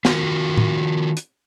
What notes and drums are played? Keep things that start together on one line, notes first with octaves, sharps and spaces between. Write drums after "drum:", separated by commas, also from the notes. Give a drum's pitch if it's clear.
D#3 F4 F#4 A#4, drum: snare
drum: tom A2
drum: hi-hat